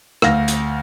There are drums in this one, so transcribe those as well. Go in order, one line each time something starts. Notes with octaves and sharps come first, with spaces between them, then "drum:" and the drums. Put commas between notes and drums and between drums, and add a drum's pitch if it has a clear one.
D2 F5 A#6, drum: rim click
drum: hi-hat